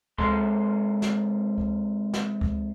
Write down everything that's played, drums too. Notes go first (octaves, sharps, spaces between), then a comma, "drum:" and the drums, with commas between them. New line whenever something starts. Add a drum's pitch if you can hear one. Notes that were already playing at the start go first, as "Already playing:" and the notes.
C3 G#3 A4 C6, drum: kick C#2
drum: snare
drum: kick C#2
drum: snare
drum: kick C#2